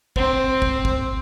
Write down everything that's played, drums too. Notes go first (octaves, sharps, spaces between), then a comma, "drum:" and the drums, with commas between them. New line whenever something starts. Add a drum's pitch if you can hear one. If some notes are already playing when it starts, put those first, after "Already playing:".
C4, drum: kick
drum: kick
drum: kick